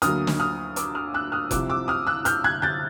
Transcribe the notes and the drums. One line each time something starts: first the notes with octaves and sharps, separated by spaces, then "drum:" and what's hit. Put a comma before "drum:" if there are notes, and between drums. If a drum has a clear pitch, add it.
D2 D3 F#3 A#3 D#6 F6, drum: hi-hat
drum: snare
D#6 F6
D6 E6, drum: hi-hat
D#6 F6
E6 F#6
D#6 F6
C2 C3 F3 D6 E6, drum: kick F1, hi-hat
D6 E6
D#6 F6
E6 F#6
F6 G6, drum: hi-hat
F#6 G#6
G6 A6